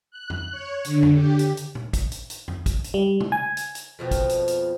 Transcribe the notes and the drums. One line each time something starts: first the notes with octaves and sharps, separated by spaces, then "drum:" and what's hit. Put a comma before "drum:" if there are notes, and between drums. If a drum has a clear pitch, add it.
F#6
drum: tom F2
C#5
D3, drum: hi-hat
drum: tom F2
G4
drum: hi-hat
drum: hi-hat
drum: tom A#2
drum: kick, hi-hat
drum: hi-hat
drum: hi-hat
drum: tom F2
drum: kick, hi-hat
drum: hi-hat
G3
drum: tom C3
G#5
drum: hi-hat
drum: hi-hat
F2 B2 F3
drum: kick, hi-hat
drum: hi-hat
drum: hi-hat